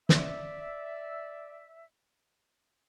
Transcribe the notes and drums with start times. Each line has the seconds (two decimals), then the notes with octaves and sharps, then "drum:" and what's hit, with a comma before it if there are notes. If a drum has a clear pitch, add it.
0.09 D5 E5, drum: snare